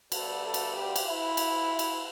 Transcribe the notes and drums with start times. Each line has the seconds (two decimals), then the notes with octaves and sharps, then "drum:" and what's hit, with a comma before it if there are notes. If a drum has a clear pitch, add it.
0.12 D2 D3 G3 B3 A4, drum: cymbal
0.44 A4
0.54 drum: cymbal
0.75 G4
0.96 drum: cymbal
1.06 E4
1.37 drum: cymbal
1.79 drum: cymbal